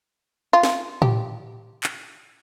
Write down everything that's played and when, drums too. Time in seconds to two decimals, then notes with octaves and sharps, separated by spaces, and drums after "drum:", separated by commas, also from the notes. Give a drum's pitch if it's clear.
0.53 F4
0.63 drum: snare
1.02 G4, drum: tom A2
1.83 drum: clap